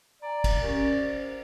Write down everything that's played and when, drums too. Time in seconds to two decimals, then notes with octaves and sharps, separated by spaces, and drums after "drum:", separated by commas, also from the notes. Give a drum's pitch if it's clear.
0.22 D5 G#5 A#5
0.44 drum: kick, cymbal
0.61 C#4 G4 A#4
0.91 C5